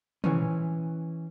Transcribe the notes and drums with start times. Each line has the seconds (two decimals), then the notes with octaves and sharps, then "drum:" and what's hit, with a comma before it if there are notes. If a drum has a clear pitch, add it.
0.24 E3 C#4, drum: tom